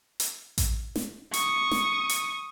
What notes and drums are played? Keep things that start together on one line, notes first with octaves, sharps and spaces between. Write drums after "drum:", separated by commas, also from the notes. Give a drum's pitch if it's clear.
drum: hi-hat
drum: kick A1, hi-hat
drum: snare
C#6 D#6, drum: hi-hat
drum: snare
drum: hi-hat